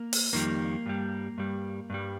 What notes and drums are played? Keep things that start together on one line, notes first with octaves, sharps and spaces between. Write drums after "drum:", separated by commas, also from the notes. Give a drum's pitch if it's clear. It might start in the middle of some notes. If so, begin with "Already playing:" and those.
Already playing: A#3
drum: open hi-hat
F2 D#3 G3 A#3
G2 G3
G2 G3
G2 G3